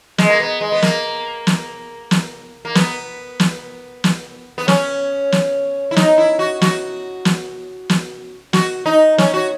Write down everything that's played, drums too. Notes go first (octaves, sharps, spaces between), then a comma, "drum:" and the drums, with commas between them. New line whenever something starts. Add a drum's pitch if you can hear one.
G#3, drum: snare
A#3
B3
G#3
B3
A#3, drum: snare
drum: snare
drum: snare
A#3
B3, drum: snare
drum: snare
drum: snare
B3
C#4, drum: snare
drum: snare
E4
D#4, drum: snare
E4
F#4
F#4, drum: snare
drum: snare
drum: snare
F#4, drum: snare
D#4
C#4, drum: snare
F#4